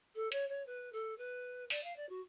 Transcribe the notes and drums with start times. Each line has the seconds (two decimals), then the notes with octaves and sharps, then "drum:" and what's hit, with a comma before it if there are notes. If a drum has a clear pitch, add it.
0.15 A4
0.32 C#5, drum: hi-hat
0.49 C#5
0.66 B4
0.92 A4
1.18 B4
1.70 D5, drum: open hi-hat
1.83 F5
1.96 D5
2.09 F#4